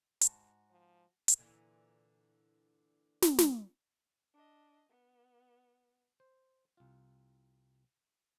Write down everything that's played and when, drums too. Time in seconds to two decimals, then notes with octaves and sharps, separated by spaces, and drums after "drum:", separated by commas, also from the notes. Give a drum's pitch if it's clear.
0.21 G#2 F#4 F#5 A5, drum: hi-hat
0.71 F3
1.28 drum: hi-hat
1.38 A#2 D3 E3
3.22 drum: snare
3.39 drum: snare
4.33 D4 D#5
4.89 B3
6.20 C5
6.77 C2 F4